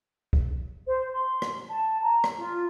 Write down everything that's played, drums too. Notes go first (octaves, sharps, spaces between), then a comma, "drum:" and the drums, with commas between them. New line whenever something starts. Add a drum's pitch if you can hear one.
drum: kick
C5
C6
drum: rim click
A5
A#5
drum: rim click
F4